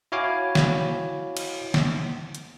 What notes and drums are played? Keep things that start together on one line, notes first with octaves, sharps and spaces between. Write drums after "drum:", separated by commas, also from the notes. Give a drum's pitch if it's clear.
E4 F#4 C#5 F5 G#5 D6
drum: snare
drum: cymbal
drum: snare
drum: hi-hat